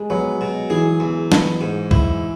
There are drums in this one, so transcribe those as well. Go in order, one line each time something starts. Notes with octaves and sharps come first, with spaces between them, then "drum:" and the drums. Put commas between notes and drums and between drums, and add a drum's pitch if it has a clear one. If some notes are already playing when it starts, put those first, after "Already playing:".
Already playing: G#3
F#3 B3
B2
E3 G#4
E2
B3, drum: snare
G#2
E4, drum: kick